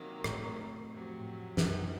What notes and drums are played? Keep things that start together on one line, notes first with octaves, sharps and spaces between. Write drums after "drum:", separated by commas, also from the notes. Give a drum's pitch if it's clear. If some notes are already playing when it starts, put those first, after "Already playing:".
Already playing: C3 D#3 F#3 A#3
A2, drum: rim click
F2 C3 F#3
F#2, drum: snare